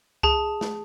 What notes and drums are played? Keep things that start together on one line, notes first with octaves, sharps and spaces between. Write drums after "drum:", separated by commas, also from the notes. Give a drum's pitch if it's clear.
G#4 A5, drum: kick C2
drum: snare